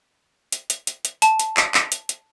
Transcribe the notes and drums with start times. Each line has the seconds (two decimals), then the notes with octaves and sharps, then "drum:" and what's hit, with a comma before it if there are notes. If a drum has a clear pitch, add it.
0.52 drum: hi-hat
0.70 drum: hi-hat
0.87 drum: hi-hat
1.05 drum: hi-hat
1.22 A5, drum: hi-hat
1.39 drum: hi-hat
1.57 drum: clap
1.74 drum: clap
1.92 drum: hi-hat
2.09 drum: hi-hat